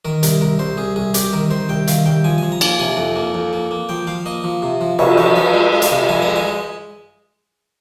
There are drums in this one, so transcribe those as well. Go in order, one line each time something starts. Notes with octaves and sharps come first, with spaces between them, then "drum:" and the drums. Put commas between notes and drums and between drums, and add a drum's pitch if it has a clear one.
D#3 A#4
C2 A#4, drum: hi-hat
C2 A#4
C2 C5
C2 G#4
C2 G#4
C2 G4, drum: hi-hat
D#3 A#4
D#3 C5
C2 G5
D#3 F5, drum: hi-hat
C2 G5
F3 G#5
F3 G#5
A#5
A#3 G#5, drum: cymbal
C3 G#5
F2
A#3
F2
A#3
A#3
F3 G5
F3 F5
A#3 D#5
F3
C3
F3
C3 C#5, drum: cymbal
F3 C#5
F3 C#5
G#3
G#3
F5, drum: hi-hat
C3
F3 G#5
A#5
G#3
G#5
G#3